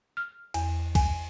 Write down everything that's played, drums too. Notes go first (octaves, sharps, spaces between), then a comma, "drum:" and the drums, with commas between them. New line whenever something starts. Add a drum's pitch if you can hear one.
F6
E2, drum: cymbal
G#5, drum: kick, cymbal